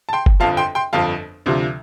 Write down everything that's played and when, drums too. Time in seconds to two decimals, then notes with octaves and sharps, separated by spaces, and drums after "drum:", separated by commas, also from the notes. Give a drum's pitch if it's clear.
0.09 A5
0.13 G5 C6
0.26 drum: kick F#1
0.40 G1 F2 F3 F5 A5
0.57 G5 C6
0.75 G5 C6
0.93 G1 F2 F3 F5 A5
1.46 D2 C3 F3